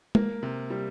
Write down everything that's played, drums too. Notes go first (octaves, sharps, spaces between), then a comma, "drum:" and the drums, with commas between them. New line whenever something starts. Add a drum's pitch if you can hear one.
A#3, drum: tom G#3
C3
G3